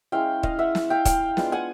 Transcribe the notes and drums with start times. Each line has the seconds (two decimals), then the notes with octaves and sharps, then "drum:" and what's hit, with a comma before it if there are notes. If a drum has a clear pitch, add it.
0.12 G#3 C#4 E4 F5 G5
0.43 D#5 F5, drum: kick
0.59 E5 F#5
0.75 drum: snare
0.90 F5 G5
1.05 F5 G5, drum: kick, hi-hat
1.37 G#3 B3 D4 F4, drum: snare
1.52 F#5 G#5